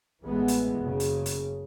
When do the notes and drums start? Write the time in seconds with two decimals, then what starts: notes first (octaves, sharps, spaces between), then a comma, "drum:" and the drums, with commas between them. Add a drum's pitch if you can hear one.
0.22 A1 E3 G#3 B3
0.48 drum: hi-hat
0.79 F#1 C#3
1.00 drum: hi-hat
1.26 drum: hi-hat